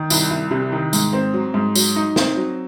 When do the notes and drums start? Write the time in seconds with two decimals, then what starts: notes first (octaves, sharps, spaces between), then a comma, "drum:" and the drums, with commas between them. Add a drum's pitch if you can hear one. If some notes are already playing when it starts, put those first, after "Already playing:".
Already playing: D#3
0.10 C2, drum: tambourine
0.30 C2
0.51 C3
0.72 D#3
0.93 G#2, drum: tambourine
1.13 C4
1.34 F#3
1.54 G#2
1.75 F#3, drum: tambourine
1.96 D#4
2.16 C4, drum: snare
2.36 F#3